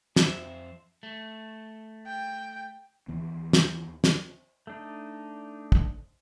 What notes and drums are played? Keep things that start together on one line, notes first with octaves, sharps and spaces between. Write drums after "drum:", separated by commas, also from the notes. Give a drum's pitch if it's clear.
F2 C5 E5, drum: snare
A3
G5
D#2 E3 B3
drum: snare
drum: snare
A3 D4 D#4
drum: kick